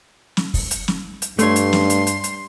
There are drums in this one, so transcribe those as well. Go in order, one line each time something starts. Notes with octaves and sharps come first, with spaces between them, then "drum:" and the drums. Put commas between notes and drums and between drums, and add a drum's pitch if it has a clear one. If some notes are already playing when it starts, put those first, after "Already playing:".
drum: snare
drum: kick, open hi-hat
drum: hi-hat
drum: snare
drum: hi-hat
G2 A3 C#5 C6, drum: hi-hat
drum: hi-hat
drum: snare
drum: hi-hat
drum: hi-hat
drum: hi-hat